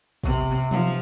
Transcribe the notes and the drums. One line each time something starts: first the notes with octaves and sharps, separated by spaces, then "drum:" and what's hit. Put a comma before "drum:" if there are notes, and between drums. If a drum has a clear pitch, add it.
C3, drum: kick
F3, drum: tom F3